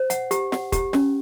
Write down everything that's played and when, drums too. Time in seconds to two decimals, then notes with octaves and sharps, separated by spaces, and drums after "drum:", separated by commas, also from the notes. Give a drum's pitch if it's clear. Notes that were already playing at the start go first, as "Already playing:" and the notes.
Already playing: C5
0.10 F#5, drum: hi-hat
0.31 G4, drum: hi-hat
0.52 F#5, drum: snare
0.72 G4, drum: kick, hi-hat
0.93 C#4, drum: snare